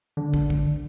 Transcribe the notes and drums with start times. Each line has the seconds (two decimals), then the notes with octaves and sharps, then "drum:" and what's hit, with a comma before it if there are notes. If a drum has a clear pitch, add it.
0.17 D3
0.34 drum: kick
0.50 drum: kick